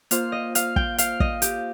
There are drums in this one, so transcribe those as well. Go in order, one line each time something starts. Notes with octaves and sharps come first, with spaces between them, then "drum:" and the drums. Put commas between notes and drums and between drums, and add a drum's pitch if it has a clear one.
A#3 F4 C5 F5, drum: hi-hat
D#5
F5, drum: hi-hat
G5, drum: kick
F5, drum: hi-hat
D#5, drum: kick
G4, drum: hi-hat